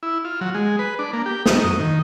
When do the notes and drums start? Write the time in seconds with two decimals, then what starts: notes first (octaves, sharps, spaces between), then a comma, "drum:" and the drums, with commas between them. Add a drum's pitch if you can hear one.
0.03 E4
0.25 F4
0.41 F#3
0.55 G#3
0.79 B4
0.99 D4
1.13 A#3
1.26 G4
1.46 D#4, drum: snare
1.64 F#2
1.80 D#3